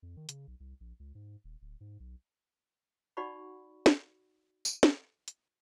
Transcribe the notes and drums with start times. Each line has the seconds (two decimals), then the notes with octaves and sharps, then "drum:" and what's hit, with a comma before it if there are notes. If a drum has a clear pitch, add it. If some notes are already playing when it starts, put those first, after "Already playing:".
0.02 F2
0.17 D#3
0.29 C#3, drum: hi-hat
0.47 B1
0.60 C2
0.80 A#1
1.00 C#2
1.15 G#2
1.44 D#1
1.62 D1
1.81 G#2
2.00 B1
3.17 D#4 F#4 D5 F#5 B5 C#6
3.86 drum: snare
4.65 drum: tambourine
4.83 drum: snare
5.28 drum: hi-hat